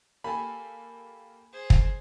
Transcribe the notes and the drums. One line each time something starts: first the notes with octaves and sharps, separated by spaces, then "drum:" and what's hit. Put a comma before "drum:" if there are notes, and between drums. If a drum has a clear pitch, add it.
A#3 G4 A4 G#5 B5
G#4 C5
drum: kick